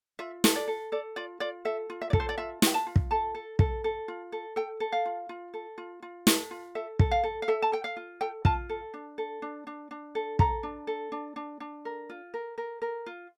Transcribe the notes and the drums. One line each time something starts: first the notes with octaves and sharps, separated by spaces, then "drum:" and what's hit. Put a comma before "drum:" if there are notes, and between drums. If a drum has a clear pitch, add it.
F4 E5
A4, drum: snare
D5
A4
A4 D5
F4 D5
F4 D5
A4 E5
F4
E5
D5
A4, drum: kick
C5
D5
F4 E5
F4 G5, drum: snare
A5
F4
drum: kick
A4 A5
A4
A4, drum: kick
A4
F4
A4
A4 G5
A4
F5
F4
F4
A4
F4
F4
A4, drum: snare
F4
A4 E5
A4, drum: kick
F5
A4
F5
A4 E5
A5
A4 G5
F5
F4
A4 G5
F4 A5, drum: kick
A4
D4
A4
D4
D4
D4
A4
A4 A#5, drum: kick
D4
A4
D4
D4
D4
A#4
F4
A#4
A#4
A#4
F4